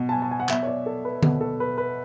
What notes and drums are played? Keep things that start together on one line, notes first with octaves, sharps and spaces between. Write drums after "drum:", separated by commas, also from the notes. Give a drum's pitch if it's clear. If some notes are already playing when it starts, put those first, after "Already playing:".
Already playing: B2
A5
G#5
A5
G#5
F#5
B2 E5, drum: clap
C#5
D5
A4
B4
B2 A4, drum: tom D3
A4
B4
B4